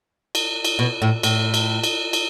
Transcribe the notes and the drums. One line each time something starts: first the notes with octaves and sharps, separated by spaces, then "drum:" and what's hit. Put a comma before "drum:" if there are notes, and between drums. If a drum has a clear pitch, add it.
drum: cymbal
drum: cymbal
B2
A2
A2, drum: cymbal
drum: cymbal
drum: cymbal
drum: cymbal